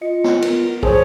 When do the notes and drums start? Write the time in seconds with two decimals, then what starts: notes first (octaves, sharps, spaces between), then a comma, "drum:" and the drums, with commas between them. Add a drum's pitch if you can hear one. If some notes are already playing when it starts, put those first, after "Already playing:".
0.02 F4 D#5 C#7
0.24 drum: snare
0.42 B3 A#4, drum: cymbal
0.83 G#4 C5 C#5 G#5 A5 D#6, drum: kick